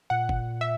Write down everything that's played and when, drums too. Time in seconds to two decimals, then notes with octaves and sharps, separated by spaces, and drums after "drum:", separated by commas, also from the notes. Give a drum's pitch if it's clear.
0.10 A#2 F#5
0.29 drum: kick G1
0.61 E5